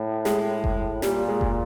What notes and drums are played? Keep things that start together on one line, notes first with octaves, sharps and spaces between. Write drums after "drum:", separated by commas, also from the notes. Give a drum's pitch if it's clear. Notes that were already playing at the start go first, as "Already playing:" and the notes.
Already playing: A2
G#3, drum: snare
drum: kick F#1
A#2 G3, drum: snare
G#3
drum: kick F#1